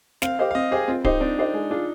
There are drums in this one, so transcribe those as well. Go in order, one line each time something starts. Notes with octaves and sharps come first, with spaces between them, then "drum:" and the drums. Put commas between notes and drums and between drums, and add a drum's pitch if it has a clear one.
C4 F5, drum: snare
G4 C5 D#5
F5
C4 D#5
G4 G#4 C5 D#5
C4 F4
D#4 G4 C5 D#5, drum: kick D1
C4 D4
G4 C5 D#5
G#3
D4 F4 G#4